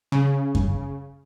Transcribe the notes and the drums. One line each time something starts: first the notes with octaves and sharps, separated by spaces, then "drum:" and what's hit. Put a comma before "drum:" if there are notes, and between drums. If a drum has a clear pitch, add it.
C#3
drum: kick F#2